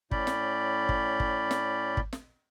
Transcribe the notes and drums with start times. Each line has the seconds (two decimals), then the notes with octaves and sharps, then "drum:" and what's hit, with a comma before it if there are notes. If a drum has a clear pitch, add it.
0.11 A2 C#4 D5 B5 G6, drum: kick
0.27 drum: snare
0.89 drum: kick
1.20 drum: kick
1.51 drum: snare
1.97 drum: kick
2.13 drum: snare